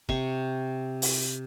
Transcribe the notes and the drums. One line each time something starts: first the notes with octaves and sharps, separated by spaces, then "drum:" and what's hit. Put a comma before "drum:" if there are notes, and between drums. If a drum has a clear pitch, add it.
C3 C#6, drum: kick
drum: open hi-hat